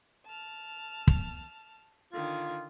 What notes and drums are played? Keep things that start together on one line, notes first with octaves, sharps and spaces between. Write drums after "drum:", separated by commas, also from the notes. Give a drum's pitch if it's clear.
A5 F6
drum: kick
D3 D#3 F4 G#6